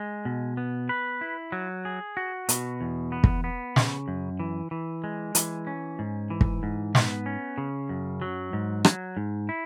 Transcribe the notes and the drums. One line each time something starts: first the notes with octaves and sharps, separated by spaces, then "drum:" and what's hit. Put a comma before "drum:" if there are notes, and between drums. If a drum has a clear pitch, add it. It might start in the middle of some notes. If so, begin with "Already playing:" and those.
Already playing: G#3
B2
B3
B4
E4
F#3
G#4
F#4
B2, drum: hi-hat
E2
B3
drum: kick
B3
C#3, drum: snare
F#2
E3
E3
G#3
E3, drum: hi-hat
C#4
G#2
E3
drum: kick
G#2
B3, drum: snare
C#4
C#3
F#2
F#3
G#2
F#3, drum: rim click
G#2
E4